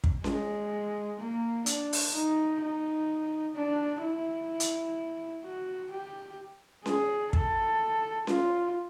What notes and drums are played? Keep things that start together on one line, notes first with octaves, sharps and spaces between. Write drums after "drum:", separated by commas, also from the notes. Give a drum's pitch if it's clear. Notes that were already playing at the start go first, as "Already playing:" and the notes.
drum: kick
G#3, drum: snare C#4
A#3
D4, drum: hi-hat
drum: open hi-hat
D#4
D#4
D4
E4
drum: hi-hat
F#4
G4
G#4, drum: snare C#4
A4, drum: kick
F4, drum: snare C#4